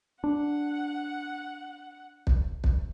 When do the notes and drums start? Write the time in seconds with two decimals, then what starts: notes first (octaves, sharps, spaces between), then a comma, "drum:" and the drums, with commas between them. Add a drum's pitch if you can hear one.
0.24 D4 F#5
2.27 drum: kick
2.64 drum: kick